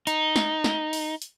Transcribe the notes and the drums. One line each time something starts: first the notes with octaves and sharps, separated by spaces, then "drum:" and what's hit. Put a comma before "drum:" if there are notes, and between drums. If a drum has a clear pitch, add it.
D#4, drum: hi-hat
drum: snare
drum: snare
drum: open hi-hat
drum: hi-hat